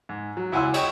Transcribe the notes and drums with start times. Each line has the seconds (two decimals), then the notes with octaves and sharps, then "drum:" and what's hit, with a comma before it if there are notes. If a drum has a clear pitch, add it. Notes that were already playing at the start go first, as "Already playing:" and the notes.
0.09 G#2
0.37 F#3
0.52 C#2 E4 F#5 G#5 C6 E6
0.74 C#5 D#5 G5 C#6, drum: cymbal